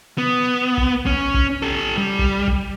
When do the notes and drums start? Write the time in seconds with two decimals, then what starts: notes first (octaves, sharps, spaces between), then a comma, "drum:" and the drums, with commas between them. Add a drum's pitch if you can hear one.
0.18 B3
0.78 drum: kick A#1
1.06 C#4, drum: kick A#1
1.34 drum: kick A#1
1.63 G4 A4
1.97 G3
2.19 drum: kick A#1
2.47 drum: kick A#1